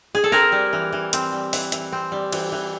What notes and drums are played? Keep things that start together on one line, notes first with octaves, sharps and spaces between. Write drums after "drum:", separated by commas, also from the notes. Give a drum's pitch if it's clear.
G#4
A4
C4 G#4 A#4
G3
E3
E3
C4, drum: hi-hat
G3
E3, drum: open hi-hat
E3, drum: hi-hat
C4
G3
E3, drum: cymbal
E3